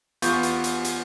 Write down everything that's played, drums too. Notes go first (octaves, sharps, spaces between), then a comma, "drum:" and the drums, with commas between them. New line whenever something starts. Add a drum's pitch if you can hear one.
E2 B3 F4 G4 C#6 G6, drum: hi-hat
drum: hi-hat
drum: hi-hat
drum: hi-hat